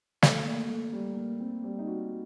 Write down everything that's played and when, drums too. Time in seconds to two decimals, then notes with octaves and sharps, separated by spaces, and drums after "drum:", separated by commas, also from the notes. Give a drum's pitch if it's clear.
0.22 A3, drum: snare
0.45 A#3
0.69 A3
0.92 G3
1.16 A#3
1.40 C4
1.64 G3
1.79 D#4
1.87 F#4